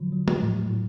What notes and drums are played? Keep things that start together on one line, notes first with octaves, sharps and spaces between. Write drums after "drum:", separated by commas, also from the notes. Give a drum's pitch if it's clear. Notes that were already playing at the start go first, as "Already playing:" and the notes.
Already playing: D3 F3 F#3
F#3
drum: tom
A2
A2